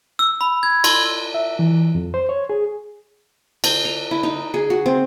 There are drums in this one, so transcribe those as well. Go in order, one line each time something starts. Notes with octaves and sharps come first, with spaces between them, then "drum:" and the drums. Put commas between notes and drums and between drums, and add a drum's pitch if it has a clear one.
E6
B5
G#6
C6, drum: cymbal
E5
E3
F2
C5
C#5
G#4
C5, drum: cymbal
A#5
E4
D#4
G#4
F#4
C4